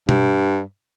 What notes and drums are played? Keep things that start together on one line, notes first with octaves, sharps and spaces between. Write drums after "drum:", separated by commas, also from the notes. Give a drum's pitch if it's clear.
G2, drum: tom B2